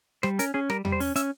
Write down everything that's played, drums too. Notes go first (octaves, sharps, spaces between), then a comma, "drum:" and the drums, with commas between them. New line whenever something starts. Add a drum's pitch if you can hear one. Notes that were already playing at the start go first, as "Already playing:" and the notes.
G3 C5, drum: rim click
C#4 A#4, drum: hi-hat
C#4 G#4
G3 A#4, drum: rim click
G3, drum: tom E2
C5
C#4, drum: open hi-hat
C#4 E5, drum: hi-hat